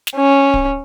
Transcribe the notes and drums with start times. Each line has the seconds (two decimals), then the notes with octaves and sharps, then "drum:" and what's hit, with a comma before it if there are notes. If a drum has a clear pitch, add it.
0.07 drum: snare
0.16 C#4
0.54 drum: kick D1